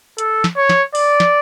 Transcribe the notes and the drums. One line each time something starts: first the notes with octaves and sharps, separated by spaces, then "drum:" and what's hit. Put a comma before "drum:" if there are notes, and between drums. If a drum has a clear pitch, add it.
A4, drum: hi-hat
drum: snare
C#5
drum: snare
D5, drum: open hi-hat
drum: snare